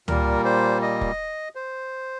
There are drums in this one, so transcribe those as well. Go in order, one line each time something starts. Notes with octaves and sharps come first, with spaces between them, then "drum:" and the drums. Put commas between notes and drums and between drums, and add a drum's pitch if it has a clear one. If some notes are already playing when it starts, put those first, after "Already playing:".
A#2 G3 A#3 A#4, drum: tom C#2
C5
D#5
drum: kick
C5